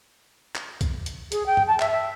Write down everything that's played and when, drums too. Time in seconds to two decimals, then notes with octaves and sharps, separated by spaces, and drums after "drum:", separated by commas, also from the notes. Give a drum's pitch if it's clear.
0.55 drum: clap
0.81 drum: kick, hi-hat
1.06 drum: hi-hat
1.32 G#4, drum: hi-hat
1.46 G5
1.57 drum: tom G2
1.67 A5
1.80 E5, drum: clap
1.91 E5